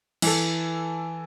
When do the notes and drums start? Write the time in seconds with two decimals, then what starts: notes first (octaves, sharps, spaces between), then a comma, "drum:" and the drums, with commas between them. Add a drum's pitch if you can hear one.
0.22 E3 A4, drum: cymbal